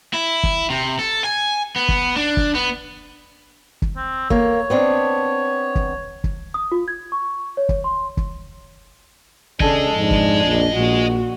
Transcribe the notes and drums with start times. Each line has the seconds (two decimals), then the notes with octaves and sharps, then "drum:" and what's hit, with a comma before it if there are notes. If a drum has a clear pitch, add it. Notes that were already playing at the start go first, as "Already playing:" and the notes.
0.14 E4
0.43 drum: kick
0.70 C3
0.99 A4
1.24 G#5
1.76 B3
1.89 drum: kick
2.16 D4
2.37 drum: kick
2.55 B3
3.82 drum: kick
3.97 C4
4.30 A#3 C#5, drum: kick
4.70 B3 C4 D4
5.75 drum: kick
6.24 drum: kick
6.54 D#6
6.72 F4
6.88 G#6
7.12 C#6
7.57 C#5
7.69 drum: kick
7.84 C6
8.17 drum: kick
9.60 C#3 D4 A4 D#5 G#5, drum: kick
9.96 F2 G#2 D4
10.11 drum: kick
10.44 A#1
10.76 A#1 A#2 F#4